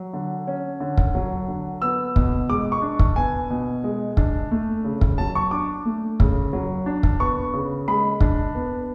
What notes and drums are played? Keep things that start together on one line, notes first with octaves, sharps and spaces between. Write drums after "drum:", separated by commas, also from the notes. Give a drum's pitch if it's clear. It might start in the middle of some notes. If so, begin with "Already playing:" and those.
Already playing: F#3
D3
C#4
D3
drum: kick
F#3
D3
B3 E6
B2, drum: kick
G#3 D6
C#6
D4
drum: kick
B3 G#5
B2
G#3
D4, drum: kick
A3
C#3
drum: kick
F#3 A5
C#6
D4 D6
A3
C#3, drum: kick
F#3
D4
drum: kick
B3 C#6
C#3
G#3 B5
D4, drum: kick
B3